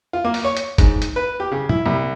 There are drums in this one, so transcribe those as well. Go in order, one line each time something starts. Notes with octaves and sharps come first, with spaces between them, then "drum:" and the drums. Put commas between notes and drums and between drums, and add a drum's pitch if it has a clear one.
F4
A#3
drum: open hi-hat
C#5
drum: hi-hat
G#2, drum: kick F#1, hi-hat
drum: hi-hat
B4
G4
C#3
E4, drum: tom
C2